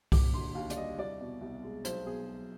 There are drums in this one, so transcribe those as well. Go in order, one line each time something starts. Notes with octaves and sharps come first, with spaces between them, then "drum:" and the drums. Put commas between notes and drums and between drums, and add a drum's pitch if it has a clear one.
D#2 D6, drum: kick C2, open hi-hat
D3 C6
D#2 F5
D5, drum: hi-hat
G3 D#5
C2 D5
B2
C2
G#3
B1 C5, drum: hi-hat
B2 G#4